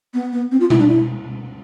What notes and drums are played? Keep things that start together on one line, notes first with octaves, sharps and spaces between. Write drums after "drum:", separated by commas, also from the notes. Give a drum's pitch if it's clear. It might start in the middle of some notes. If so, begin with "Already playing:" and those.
B3
B3
C4
F4
E4, drum: tom B2
D4
E4